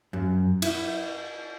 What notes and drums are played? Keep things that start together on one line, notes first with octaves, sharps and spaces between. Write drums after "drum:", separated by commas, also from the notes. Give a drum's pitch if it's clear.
F#2
E4, drum: cymbal